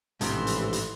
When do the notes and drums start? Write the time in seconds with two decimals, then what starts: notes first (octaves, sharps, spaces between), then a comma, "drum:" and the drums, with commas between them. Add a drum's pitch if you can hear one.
0.21 A1 G#2 C3 E3 F3 C6, drum: hi-hat
0.47 drum: hi-hat
0.73 drum: hi-hat